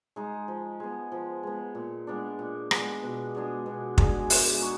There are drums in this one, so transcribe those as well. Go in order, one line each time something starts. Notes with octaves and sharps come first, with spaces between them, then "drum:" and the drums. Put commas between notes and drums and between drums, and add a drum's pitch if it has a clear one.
G#3 D#4
F3
G#3 B3
F3
G#3 B3
A#2
G#3 B3 D4
A#2
G#3 B3 D4, drum: rim click
B2
G#3 D4 G#4
B2
G#3 D4 G#4, drum: kick
G#3, drum: open hi-hat
D#4 F#4